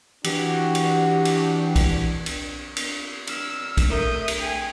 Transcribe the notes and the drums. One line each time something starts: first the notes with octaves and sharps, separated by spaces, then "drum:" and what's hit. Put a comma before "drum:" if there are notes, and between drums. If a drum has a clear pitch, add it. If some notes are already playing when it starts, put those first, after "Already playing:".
E3 D4 F#4 G4, drum: cymbal
drum: cymbal
drum: cymbal
drum: kick A#1, cymbal
drum: cymbal
drum: cymbal
E6 F6, drum: cymbal
drum: kick A#1, cymbal
A3 A#4 E5 D#6 G6
drum: cymbal
G#4 G5 G#5